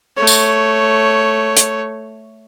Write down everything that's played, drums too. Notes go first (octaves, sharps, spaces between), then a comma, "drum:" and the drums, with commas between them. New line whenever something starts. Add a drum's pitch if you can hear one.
A3 C#5
drum: tambourine
drum: hi-hat